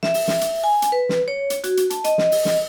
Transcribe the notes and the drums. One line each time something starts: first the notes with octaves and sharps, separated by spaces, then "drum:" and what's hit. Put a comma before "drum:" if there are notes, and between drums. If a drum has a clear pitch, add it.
E5, drum: snare
drum: open hi-hat
drum: snare
drum: hi-hat
G#5
drum: hi-hat
B4
drum: snare
C#5
drum: hi-hat
F#4, drum: hi-hat
drum: hi-hat
A5, drum: hi-hat
D#5, drum: hi-hat
drum: snare
drum: open hi-hat
drum: snare